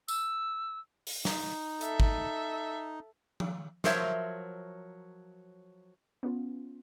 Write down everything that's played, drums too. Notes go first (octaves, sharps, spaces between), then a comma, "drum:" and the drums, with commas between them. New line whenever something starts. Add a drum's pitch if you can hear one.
E6, drum: tambourine
drum: open hi-hat
D#4, drum: snare
A4 E5, drum: hi-hat
drum: kick
drum: tom F3
F3 F#3 A#4 C5 C#5 E5, drum: snare
B3 C#4 F4